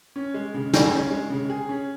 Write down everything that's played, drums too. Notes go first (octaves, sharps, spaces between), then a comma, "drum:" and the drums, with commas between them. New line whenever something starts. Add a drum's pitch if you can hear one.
C#4
G#3
C#3
G#4, drum: snare
C#4
G#3
C#3
G#4
C#4